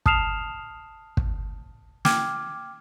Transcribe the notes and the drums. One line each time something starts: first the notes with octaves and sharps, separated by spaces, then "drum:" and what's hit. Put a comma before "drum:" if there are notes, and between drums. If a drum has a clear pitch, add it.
A5 D#6 F6 C7 E7 F7, drum: kick
drum: kick
G5 D6 F6 G#6, drum: snare